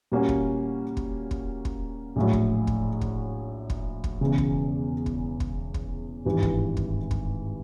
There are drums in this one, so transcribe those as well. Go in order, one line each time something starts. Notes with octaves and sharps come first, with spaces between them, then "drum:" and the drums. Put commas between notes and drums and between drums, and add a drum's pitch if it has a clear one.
A#2 G3 A#3 C#4 F#4
drum: kick
drum: kick
drum: kick
drum: kick
A#1 A2 F#3
drum: kick
drum: kick
drum: kick
drum: kick
drum: kick
E1 E2 C#3
drum: kick
drum: kick
drum: kick
drum: kick
G#1 G2 E3 G3
drum: kick
drum: kick
drum: kick